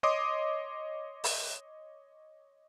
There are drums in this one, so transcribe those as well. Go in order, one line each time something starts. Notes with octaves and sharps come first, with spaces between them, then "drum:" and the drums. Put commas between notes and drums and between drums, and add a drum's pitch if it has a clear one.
C#5 D#5 C6 D6 D#6
drum: open hi-hat